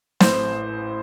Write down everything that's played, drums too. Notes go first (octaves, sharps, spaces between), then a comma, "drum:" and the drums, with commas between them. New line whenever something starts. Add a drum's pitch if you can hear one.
A1 A2 C5, drum: snare